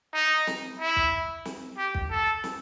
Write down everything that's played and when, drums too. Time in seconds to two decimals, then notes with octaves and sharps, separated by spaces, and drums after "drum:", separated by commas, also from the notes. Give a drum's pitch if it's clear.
0.14 D#4
0.47 drum: snare
0.80 E4
0.96 drum: kick
1.45 drum: snare
1.78 G4
1.94 drum: kick
2.11 A4
2.44 drum: snare